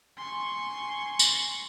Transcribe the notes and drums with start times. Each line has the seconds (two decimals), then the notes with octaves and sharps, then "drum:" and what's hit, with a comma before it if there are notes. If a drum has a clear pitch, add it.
0.18 G#5 C6 C#6
1.19 drum: tambourine